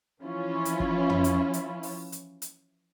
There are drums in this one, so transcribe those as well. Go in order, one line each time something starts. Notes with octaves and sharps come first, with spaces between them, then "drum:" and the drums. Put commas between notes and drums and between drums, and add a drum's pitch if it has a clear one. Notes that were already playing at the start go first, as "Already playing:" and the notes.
E3 F3 C#4 E4 F4
drum: hi-hat
drum: kick
drum: tom
drum: hi-hat
drum: hi-hat
drum: open hi-hat
drum: hi-hat
drum: hi-hat